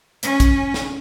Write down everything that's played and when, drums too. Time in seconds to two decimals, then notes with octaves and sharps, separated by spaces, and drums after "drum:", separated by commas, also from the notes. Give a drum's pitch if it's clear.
0.23 C#4, drum: hi-hat
0.40 drum: kick, hi-hat
0.74 drum: snare